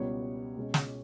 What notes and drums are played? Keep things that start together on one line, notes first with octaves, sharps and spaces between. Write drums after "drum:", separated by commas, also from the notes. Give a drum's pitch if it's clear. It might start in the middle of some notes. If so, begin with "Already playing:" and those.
Already playing: C#2 B2 G3 B3 C#5
B2 G#3 C#4
drum: snare